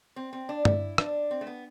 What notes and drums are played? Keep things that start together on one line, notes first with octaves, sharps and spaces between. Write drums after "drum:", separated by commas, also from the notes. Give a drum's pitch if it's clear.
C4
C4
D4
E4, drum: tom
D4, drum: rim click
C4
A3
B3